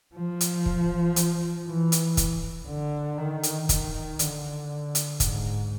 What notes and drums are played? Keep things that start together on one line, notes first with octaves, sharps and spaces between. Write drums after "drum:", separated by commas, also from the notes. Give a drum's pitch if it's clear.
F3
drum: hi-hat
drum: kick
drum: hi-hat
E3
drum: hi-hat
drum: kick, hi-hat
D3
D#3
drum: hi-hat
D#3, drum: kick, hi-hat
D3, drum: hi-hat
drum: hi-hat
G#2, drum: kick, hi-hat